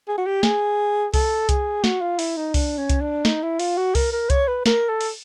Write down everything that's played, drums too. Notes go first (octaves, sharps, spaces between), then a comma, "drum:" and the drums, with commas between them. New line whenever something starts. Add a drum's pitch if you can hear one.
G#4
F#4
G4
G#4, drum: snare
A4, drum: kick C2, open hi-hat
G#4, drum: kick C2, hi-hat
F#4, drum: snare
F4
E4, drum: open hi-hat
D#4
D4, drum: kick C2, open hi-hat
C#4
drum: kick C2, hi-hat
D4
D#4, drum: snare
E4
F4, drum: open hi-hat
F#4
A#4, drum: kick C2, open hi-hat
A#4
C#5, drum: kick C2, hi-hat
B4
A#4, drum: snare
A4
drum: open hi-hat